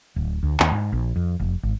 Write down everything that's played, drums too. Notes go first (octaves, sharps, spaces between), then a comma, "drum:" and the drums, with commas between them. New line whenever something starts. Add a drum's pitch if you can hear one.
D1
D2
D#2, drum: clap
G#2
A#1
F2
F1
G#1